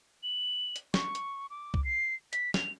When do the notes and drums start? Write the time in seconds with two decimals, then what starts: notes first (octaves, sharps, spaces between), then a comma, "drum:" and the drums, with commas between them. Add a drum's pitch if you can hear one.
0.23 F#7
0.76 drum: hi-hat
0.94 C#6, drum: snare
1.15 drum: hi-hat
1.50 D6
1.74 drum: kick
1.84 C7
2.33 B6, drum: hi-hat
2.54 F7, drum: snare